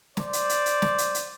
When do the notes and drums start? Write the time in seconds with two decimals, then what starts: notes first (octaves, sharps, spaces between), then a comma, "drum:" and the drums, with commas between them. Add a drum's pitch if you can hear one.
0.17 C5 D5, drum: snare
0.33 drum: hi-hat
0.49 drum: hi-hat
0.66 drum: hi-hat
0.82 drum: snare
0.98 drum: hi-hat
1.15 drum: hi-hat